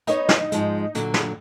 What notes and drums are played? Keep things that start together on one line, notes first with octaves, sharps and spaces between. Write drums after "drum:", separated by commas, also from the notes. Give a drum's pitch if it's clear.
B3 D#4 C#5, drum: hi-hat
drum: snare
G#2 F3 G#3, drum: hi-hat
A#2 D3 F#3, drum: hi-hat
drum: snare